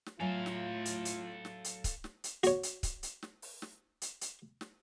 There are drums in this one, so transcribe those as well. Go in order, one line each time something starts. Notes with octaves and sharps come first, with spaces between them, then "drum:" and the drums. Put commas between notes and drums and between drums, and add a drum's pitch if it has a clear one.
drum: snare
A2 F#3 F4 A4 E5 F5 G#5
drum: snare
drum: hi-hat
drum: hi-hat
drum: snare
drum: hi-hat
drum: kick C#1, hi-hat
drum: snare
drum: hi-hat
F#4 C#5, drum: hi-hat
drum: hi-hat
drum: kick C#1, hi-hat
drum: hi-hat
drum: snare
drum: open hi-hat
drum: snare
drum: hi-hat
drum: hi-hat
drum: snare